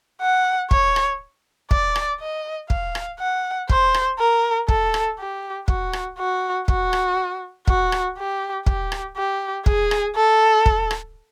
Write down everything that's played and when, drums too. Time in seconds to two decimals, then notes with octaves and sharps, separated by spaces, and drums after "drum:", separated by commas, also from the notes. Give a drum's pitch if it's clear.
0.21 F#5
0.71 C#5, drum: kick
0.96 drum: rim click
1.71 D5, drum: kick
1.96 drum: rim click
2.20 D#5
2.70 F5, drum: kick
2.95 drum: rim click
3.19 F#5
3.70 C5, drum: kick
3.94 drum: rim click
4.19 A#4
4.69 A4, drum: kick
4.94 drum: rim click
5.19 G4
5.68 F#4, drum: kick
5.93 drum: rim click
6.18 F#4
6.68 F#4, drum: kick
6.93 drum: rim click
7.68 F#4, drum: kick
7.92 drum: rim click
8.18 G4
8.66 G4, drum: kick
8.92 drum: rim click
9.17 G4
9.66 G#4, drum: kick
9.91 drum: rim click
10.16 A4
10.66 drum: kick
10.91 drum: rim click